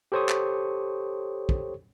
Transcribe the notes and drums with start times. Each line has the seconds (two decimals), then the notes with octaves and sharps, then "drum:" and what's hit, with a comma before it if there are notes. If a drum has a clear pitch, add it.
0.12 G4 A4 C5 C#5 C#6 D#6
0.29 drum: clap
1.49 drum: kick